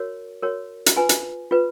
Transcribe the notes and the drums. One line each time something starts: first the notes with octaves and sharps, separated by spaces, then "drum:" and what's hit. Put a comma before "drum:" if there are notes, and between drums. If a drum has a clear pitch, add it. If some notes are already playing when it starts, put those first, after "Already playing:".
Already playing: F#4 A#4 C#5
F#4 A#4 C#5
drum: hi-hat
F4 B4 G#5
drum: hi-hat
F4 B4